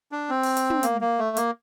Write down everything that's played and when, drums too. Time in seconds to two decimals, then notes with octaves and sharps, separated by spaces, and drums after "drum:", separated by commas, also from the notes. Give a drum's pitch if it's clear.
0.12 D4
0.29 C4
0.43 drum: open hi-hat
0.57 drum: hi-hat
0.70 drum: tom
0.83 A#3, drum: hi-hat
1.01 A#3
1.19 A3
1.37 A#3, drum: hi-hat